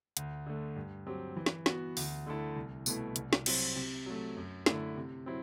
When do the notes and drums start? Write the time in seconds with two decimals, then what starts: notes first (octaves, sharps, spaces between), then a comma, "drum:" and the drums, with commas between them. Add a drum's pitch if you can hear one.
0.17 D2, drum: hi-hat
0.46 D3 A3
0.76 G2
1.07 F#3 C4 G4
1.37 E3
1.46 drum: snare
1.66 B3 F#4, drum: snare
1.97 D2, drum: open hi-hat
2.26 D3 A3 E4 A4
2.56 C2
2.86 B2 A3 E4 B4, drum: tambourine
3.16 C2, drum: hi-hat
3.33 drum: snare
3.46 C3 F#3 C4 F#4, drum: cymbal
3.76 C3
4.06 F#3 A3
4.36 F#2
4.66 D3 A3 E4, drum: snare
4.97 C3
5.26 F#3 C4 E4